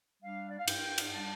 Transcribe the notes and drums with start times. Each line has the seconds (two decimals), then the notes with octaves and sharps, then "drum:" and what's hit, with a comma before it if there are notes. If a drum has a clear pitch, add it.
0.23 G3 D4 F5
0.50 D5
0.59 F5
0.68 G2 G5, drum: cymbal
0.98 drum: cymbal
1.13 G3 D4 A5